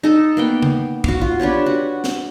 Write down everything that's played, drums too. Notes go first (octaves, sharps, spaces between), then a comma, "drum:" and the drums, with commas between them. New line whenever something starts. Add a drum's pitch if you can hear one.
D#4 A4
A#3 B3 G5
drum: tom C#3
F#4 F5, drum: kick
F4
D4 G4 B4 C#5
F#4
drum: snare